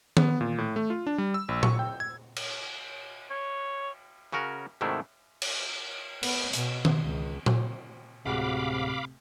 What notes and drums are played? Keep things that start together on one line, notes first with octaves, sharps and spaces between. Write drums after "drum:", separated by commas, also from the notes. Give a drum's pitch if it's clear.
B3, drum: tom D#3
A#2
A2
A3
F4
D4
G3
E6
A#1
C#6, drum: tom A#2
G5
G#6
drum: cymbal
C#5
C#3 C#4 F#4 A#4
G#2 C3 D#3 A3 D4 E4
drum: cymbal
B3, drum: cymbal
B2, drum: hi-hat
drum: tom D#3
C#2
drum: tom A#2
D1 C3 G#3 F#4 F5 B5 D6